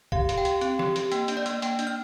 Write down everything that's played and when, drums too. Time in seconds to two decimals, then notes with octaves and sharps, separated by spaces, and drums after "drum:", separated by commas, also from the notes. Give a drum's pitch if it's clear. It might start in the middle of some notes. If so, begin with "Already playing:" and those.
0.12 G4 F5, drum: kick
0.29 G4, drum: hi-hat
0.38 G5
0.45 G4, drum: hi-hat
0.61 C4, drum: hi-hat
0.79 G4, drum: snare
0.96 G4, drum: hi-hat
1.12 A#3 G5, drum: hi-hat
1.28 D4, drum: hi-hat
1.37 D5
1.46 A#3, drum: hi-hat
1.62 A#3 G5, drum: hi-hat
1.79 D4, drum: hi-hat
1.87 F6